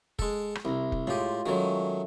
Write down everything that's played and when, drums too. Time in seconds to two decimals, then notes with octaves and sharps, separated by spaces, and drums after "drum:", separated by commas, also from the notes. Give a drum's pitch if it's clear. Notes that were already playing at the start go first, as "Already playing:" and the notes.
0.19 G#3 A4, drum: kick F1
0.55 drum: rim click
0.65 C2 E4 A#5
0.92 drum: kick F1
1.07 A2 G#3 F4 G4 D#5
1.46 D#3 F#3 G#3 A3 C#4